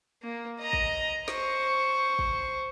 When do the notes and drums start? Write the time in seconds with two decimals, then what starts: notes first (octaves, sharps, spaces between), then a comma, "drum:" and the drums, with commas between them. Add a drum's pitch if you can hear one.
0.23 A#3
0.60 D#5 A#5
0.73 drum: kick
1.28 C5 C#6, drum: snare
2.19 drum: kick